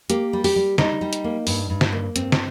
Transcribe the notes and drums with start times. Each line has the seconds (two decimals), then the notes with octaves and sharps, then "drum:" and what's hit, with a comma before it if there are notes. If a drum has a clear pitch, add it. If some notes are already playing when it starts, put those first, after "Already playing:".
0.10 A#3 G4, drum: hi-hat
0.33 G3
0.44 G4, drum: open hi-hat
0.56 G3
0.78 G3 D#4, drum: snare
1.01 G3
1.13 drum: hi-hat
1.24 A#3
1.47 G2, drum: open hi-hat
1.70 G2
1.81 drum: snare
1.92 A#3
2.16 G2 C4, drum: hi-hat
2.32 drum: snare